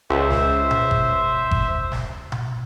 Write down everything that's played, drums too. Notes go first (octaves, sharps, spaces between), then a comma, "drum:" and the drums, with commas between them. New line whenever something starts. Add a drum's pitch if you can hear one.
C#2 C5 E5
drum: snare
drum: tom B2
drum: kick G1
drum: kick G1
drum: snare
drum: tom B2